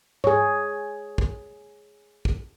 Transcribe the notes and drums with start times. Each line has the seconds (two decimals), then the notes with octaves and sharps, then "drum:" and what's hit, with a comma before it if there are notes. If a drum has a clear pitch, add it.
0.24 G#4 C#5, drum: tom G#2
1.18 drum: kick
2.25 drum: kick